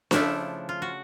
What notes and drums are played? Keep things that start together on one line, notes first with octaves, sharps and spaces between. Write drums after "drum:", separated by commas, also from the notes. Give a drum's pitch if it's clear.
C#3 F3 A3 D4 E4, drum: snare D4
F4
F#4